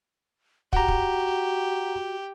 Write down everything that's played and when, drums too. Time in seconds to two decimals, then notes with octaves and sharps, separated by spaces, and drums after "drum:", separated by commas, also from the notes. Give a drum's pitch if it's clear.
0.73 F#4 G4 F#5 A#5, drum: kick
0.88 drum: kick